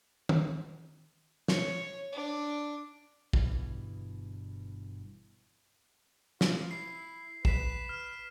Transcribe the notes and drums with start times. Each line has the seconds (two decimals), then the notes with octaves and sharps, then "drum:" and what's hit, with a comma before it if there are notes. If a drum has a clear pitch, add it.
0.29 drum: tom
1.48 C#5, drum: snare
2.12 D4
3.33 G1 G2 B2 E3, drum: kick
6.41 F4, drum: snare
6.71 E4 C7
7.45 B4 B6 C7 E7, drum: kick
7.89 F6